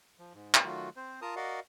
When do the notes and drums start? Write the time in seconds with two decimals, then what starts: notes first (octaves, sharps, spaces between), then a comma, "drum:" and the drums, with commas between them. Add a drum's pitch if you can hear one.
0.19 F3
0.33 G#2
0.54 drum: clap
0.64 D#3 F#3 A3 F4 F#4
0.96 C4 C5
1.22 F4 A#4 A5 A#5 D#6
1.36 F#4 A#4 D5 D#5 F5 F#5